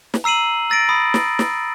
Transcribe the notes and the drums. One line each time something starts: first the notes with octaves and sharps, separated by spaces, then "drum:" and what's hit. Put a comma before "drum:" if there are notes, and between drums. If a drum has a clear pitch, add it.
drum: snare
A#5 E6 C7 D#7 F#7
E6 A6 A#6 D7
B5 D#6
drum: snare
drum: snare